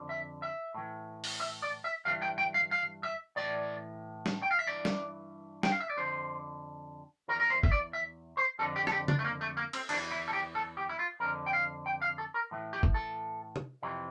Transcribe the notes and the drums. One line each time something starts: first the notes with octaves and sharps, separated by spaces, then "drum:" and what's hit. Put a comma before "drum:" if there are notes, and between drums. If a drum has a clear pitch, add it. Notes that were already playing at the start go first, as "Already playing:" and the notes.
Already playing: F2 D3
E5
E5
A2 E3
drum: open hi-hat
E5
D5
E5
G2 E3 F5
G5
G5
F5
F5
E5
A2 E3 D5
drum: snare
G5
F5
E5
G2 E3 D5
drum: snare
G5, drum: snare
F5
E5
D5
F2 D3 C5
E2 E3 A#4
A#4
C5
E5, drum: kick F#1
D5
E5
C5
F2 D3 A4
G4
A4, drum: rim click
G4
D4, drum: tom
A3
A#3
A3
A#3
C4, drum: cymbal
E2 E3 D4, drum: cymbal
E4
A4
G4
A4
G4
E4
F4
F2 D3 A#4
G5
F5
G5
F5
A4
A#4
A2 E3
G4
drum: kick F#1
A4
drum: tom
F2 C3 E3